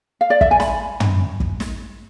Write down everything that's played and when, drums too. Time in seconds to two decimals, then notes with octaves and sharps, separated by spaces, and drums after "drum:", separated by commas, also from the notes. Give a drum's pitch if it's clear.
0.21 F5
0.30 D5
0.41 E5, drum: kick
0.51 G#5
0.60 B5, drum: snare
1.00 drum: tom
1.40 drum: kick
1.60 drum: snare